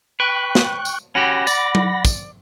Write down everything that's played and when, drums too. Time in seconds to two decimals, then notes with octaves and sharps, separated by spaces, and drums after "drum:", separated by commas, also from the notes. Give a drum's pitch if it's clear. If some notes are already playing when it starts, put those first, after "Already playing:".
0.20 B4 G5 C#6 F#6
0.55 drum: snare
0.85 drum: tambourine
1.15 C#4 F#4 G4 F#5 B5 A#6
1.47 D5, drum: tambourine
1.75 drum: tom F#3
2.05 drum: kick, tambourine